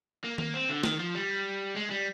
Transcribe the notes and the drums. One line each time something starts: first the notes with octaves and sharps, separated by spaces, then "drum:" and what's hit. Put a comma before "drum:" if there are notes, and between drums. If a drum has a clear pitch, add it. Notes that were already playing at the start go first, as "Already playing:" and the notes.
A#3
A#3, drum: tom D#3
C4
D3
D#3, drum: snare
F3
G3
G#3
G3